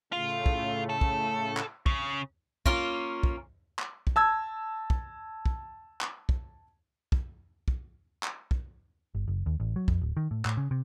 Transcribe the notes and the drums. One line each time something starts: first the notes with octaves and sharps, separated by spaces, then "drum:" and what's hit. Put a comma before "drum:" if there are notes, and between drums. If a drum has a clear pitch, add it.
A2 C#3 A3 F4
drum: kick
A4
drum: kick
drum: clap
C#3, drum: kick
A#3 C#4 F4, drum: kick
drum: kick
drum: clap
drum: kick
A5 E6 G#6
drum: kick
drum: kick
drum: clap
drum: kick
drum: kick
drum: kick
drum: clap
drum: kick
G1
F#1
D#2
A1
F#3
F2, drum: kick
D1
D#3
A2
A2, drum: clap
C#3
C3